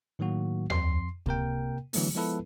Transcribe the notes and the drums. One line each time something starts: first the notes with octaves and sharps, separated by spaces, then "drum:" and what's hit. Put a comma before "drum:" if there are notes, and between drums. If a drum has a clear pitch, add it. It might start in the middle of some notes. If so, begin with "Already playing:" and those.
A2 D#3 F#3 A#3 F#4
F2 C6 C7, drum: tom D#2
C3 A#3 A#4 G5, drum: kick C#2
D3 E3 F#3 A3 B3, drum: open hi-hat
F3 G#3 B3 E4 A4 B4